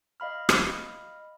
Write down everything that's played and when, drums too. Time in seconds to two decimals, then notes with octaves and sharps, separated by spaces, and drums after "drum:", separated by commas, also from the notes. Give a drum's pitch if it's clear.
0.20 D#5 F5 B5 F6
0.49 drum: rim click